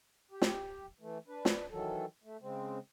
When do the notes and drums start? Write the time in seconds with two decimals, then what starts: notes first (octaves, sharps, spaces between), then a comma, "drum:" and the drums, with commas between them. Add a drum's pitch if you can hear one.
0.31 G4
0.42 drum: snare
1.01 E3 A3
1.28 D4 B4
1.45 drum: snare
1.71 D#3 E3 F#3 A4
2.24 A3
2.41 C#3 G#3 C4